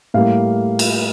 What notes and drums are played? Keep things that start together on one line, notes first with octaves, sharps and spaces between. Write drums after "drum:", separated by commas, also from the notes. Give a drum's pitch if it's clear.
A2 G3 A#3 F5
drum: cymbal